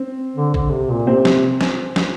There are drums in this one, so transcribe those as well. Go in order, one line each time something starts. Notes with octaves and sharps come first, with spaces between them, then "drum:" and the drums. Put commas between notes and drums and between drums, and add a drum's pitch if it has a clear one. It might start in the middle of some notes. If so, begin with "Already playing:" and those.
Already playing: C4
D3
D3, drum: kick
C3
A#2
C3 C4
drum: snare
drum: snare
drum: snare